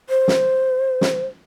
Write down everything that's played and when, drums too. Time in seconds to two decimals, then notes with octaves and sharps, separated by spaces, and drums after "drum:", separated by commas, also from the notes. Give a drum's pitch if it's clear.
0.10 C5
0.28 drum: snare
1.01 drum: snare